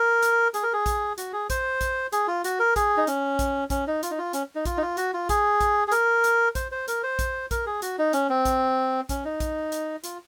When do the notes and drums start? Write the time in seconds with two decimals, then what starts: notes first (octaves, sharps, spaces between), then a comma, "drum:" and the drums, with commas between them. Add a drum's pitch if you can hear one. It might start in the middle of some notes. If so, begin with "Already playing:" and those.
Already playing: A#4
0.22 drum: hi-hat
0.54 G#4, drum: hi-hat
0.63 A#4
0.73 G#4
0.86 drum: kick A#1, hi-hat
1.18 F#4, drum: hi-hat
1.33 G#4
1.50 C5, drum: kick A#1, hi-hat
1.81 drum: kick A#1, hi-hat
2.13 G#4, drum: hi-hat
2.28 F4
2.44 F#4, drum: hi-hat
2.60 A#4
2.76 G#4, drum: kick A#1, hi-hat
2.97 D#4
3.07 C#4, drum: hi-hat
3.39 drum: kick A#1, hi-hat
3.70 C#4, drum: kick A#1, hi-hat
3.87 D#4
4.03 F4, drum: hi-hat
4.11 D#4
4.18 F4
4.33 C#4, drum: hi-hat
4.55 D#4
4.65 F4, drum: kick A#1, hi-hat
4.77 D#4
4.82 F4
4.97 F#4, drum: hi-hat
5.14 F4
5.29 G#4, drum: kick A#1, hi-hat
5.61 drum: kick A#1, hi-hat
5.88 G#4
5.92 A#4, drum: hi-hat
6.24 drum: hi-hat
6.55 C5, drum: kick A#1, hi-hat
6.72 C5
6.88 A#4, drum: hi-hat
7.03 C5
7.19 drum: kick A#1, hi-hat
7.51 A#4, drum: kick A#1, hi-hat
7.66 G#4
7.82 F#4, drum: hi-hat
7.98 D#4
8.13 C#4, drum: hi-hat
8.29 C4
8.45 drum: kick A#1, hi-hat
9.09 C#4, drum: kick A#1, hi-hat
9.25 D#4
9.40 drum: kick A#1, hi-hat
9.72 drum: hi-hat
10.04 F4, drum: hi-hat